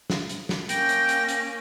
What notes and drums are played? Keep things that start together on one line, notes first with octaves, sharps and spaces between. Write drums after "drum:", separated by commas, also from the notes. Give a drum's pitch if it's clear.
drum: snare
drum: hi-hat
drum: snare
A#3 C#4 G5 A#6, drum: hi-hat
drum: hi-hat
drum: hi-hat
drum: hi-hat